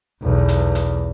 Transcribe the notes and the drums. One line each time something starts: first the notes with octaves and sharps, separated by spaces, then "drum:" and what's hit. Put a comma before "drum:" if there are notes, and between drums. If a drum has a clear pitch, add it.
B1 E2
drum: hi-hat
drum: hi-hat